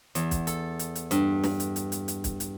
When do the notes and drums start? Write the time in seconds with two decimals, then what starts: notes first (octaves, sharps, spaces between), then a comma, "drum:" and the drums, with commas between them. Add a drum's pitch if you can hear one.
0.15 E2, drum: hi-hat
0.31 drum: kick, hi-hat
0.47 A4, drum: hi-hat
0.79 drum: hi-hat
0.95 drum: hi-hat
1.11 G2, drum: hi-hat
1.44 drum: snare
1.60 drum: hi-hat
1.76 drum: hi-hat
1.92 drum: hi-hat
2.08 drum: hi-hat
2.24 drum: kick, hi-hat
2.40 drum: hi-hat